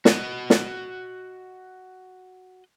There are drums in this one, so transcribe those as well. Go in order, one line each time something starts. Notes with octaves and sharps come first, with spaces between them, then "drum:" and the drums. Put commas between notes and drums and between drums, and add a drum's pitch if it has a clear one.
F#4 D#5, drum: snare
drum: snare